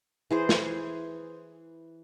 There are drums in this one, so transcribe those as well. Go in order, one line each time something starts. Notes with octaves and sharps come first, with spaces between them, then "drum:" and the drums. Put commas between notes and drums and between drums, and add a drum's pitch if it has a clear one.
E3 G#4 C5
drum: snare